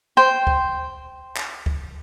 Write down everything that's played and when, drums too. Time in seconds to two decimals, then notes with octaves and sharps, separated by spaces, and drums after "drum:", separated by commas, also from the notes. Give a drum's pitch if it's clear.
0.17 C5 G5
0.47 drum: kick
1.36 drum: clap
1.66 drum: kick